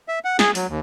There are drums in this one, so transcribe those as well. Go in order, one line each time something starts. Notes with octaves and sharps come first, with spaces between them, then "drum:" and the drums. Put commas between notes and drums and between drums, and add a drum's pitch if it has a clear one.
E5
F#5
G#4, drum: snare
F#3, drum: open hi-hat
D#2